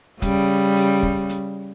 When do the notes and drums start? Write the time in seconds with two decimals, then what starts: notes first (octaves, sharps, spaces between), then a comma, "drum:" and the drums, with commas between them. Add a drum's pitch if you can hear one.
0.22 C#3 G3, drum: kick, hi-hat
0.76 drum: open hi-hat
1.03 drum: kick
1.29 drum: hi-hat